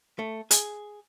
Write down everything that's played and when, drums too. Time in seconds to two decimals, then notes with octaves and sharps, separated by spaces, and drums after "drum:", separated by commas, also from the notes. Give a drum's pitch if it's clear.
0.19 A3
0.51 G#4, drum: hi-hat